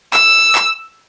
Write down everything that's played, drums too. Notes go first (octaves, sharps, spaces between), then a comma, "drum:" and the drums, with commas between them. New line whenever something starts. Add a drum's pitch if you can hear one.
E6, drum: clap
drum: clap